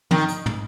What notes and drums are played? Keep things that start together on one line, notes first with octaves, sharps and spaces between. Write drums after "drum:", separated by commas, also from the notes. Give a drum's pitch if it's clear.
D#3, drum: tom
drum: hi-hat
drum: tom